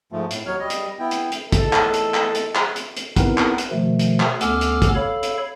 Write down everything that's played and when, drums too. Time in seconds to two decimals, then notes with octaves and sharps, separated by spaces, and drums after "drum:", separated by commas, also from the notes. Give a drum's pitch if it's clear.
0.12 G#2 F3 A3
0.31 A2, drum: hi-hat
0.46 D#2 F#3 C#5 F6
0.59 G3 D#5
0.70 drum: hi-hat
0.99 B3 E4 G5
1.11 drum: hi-hat
1.32 drum: hi-hat
1.52 E2 D#3 A3 A4, drum: kick, hi-hat
1.73 drum: clap
1.94 drum: hi-hat
2.14 drum: clap
2.35 drum: hi-hat
2.55 drum: clap
2.76 drum: hi-hat
2.97 drum: hi-hat
3.16 B3 C4 D#4 E4 A#4 B4, drum: kick, hi-hat
3.38 drum: clap
3.58 drum: hi-hat
3.71 B2 D#3 F3 A3
3.99 drum: hi-hat
4.20 drum: clap
4.41 D2 B3 C#4 A4 D6 F6, drum: hi-hat
4.61 drum: hi-hat
4.82 drum: kick, hi-hat
4.95 A4 C#5 F5 B5
5.23 drum: hi-hat